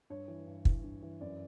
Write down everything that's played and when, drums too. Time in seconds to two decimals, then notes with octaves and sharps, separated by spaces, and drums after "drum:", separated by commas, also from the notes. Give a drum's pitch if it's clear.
0.10 G2 C#5
0.28 E3
0.47 G2
0.65 E3, drum: kick
0.84 G2
1.02 E3
1.21 F#2 D5